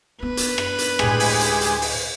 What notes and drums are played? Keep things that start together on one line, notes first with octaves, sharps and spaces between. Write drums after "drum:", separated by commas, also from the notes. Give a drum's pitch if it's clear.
B3 D4 B4
drum: hi-hat
drum: rim click
drum: hi-hat
D2 A2 G#3 G4 G#4, drum: rim click
drum: open hi-hat
drum: hi-hat
drum: hi-hat
drum: open hi-hat